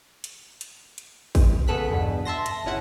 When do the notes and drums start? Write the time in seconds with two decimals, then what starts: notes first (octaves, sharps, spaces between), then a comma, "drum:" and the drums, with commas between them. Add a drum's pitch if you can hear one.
0.24 drum: hi-hat
0.61 drum: hi-hat
0.98 drum: hi-hat
1.35 drum: kick, open hi-hat
1.68 C#3 B3 A4 F#6 B6
1.90 E2 G2 B2
2.25 E5 A5 C6 A#6
2.46 drum: hi-hat
2.64 G1 C#3 C#4 E4 F#5